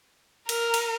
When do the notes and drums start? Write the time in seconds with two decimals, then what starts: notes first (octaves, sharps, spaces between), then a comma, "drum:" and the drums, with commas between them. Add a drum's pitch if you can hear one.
0.49 A#4, drum: cymbal
0.74 drum: cymbal